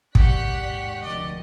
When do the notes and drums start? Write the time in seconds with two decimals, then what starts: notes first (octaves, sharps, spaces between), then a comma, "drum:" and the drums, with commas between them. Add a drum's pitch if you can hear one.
0.15 D#2 G#2 G4 D5 F#5 C#6 F#6 B6, drum: kick
1.02 F1 D2 D5 D#5